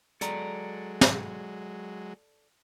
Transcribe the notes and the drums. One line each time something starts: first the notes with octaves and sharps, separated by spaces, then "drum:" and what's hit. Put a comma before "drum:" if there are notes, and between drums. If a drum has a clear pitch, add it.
F#3 G#3 A4 D5 A#5, drum: hi-hat
drum: snare